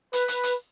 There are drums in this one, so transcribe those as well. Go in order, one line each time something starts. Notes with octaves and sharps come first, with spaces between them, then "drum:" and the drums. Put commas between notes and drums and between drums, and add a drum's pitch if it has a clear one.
B4, drum: hi-hat
drum: hi-hat
drum: hi-hat